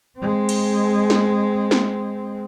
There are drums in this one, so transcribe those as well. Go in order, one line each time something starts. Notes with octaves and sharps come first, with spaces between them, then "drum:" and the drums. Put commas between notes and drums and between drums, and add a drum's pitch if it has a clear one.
G#3 C4
drum: cymbal
drum: snare
drum: snare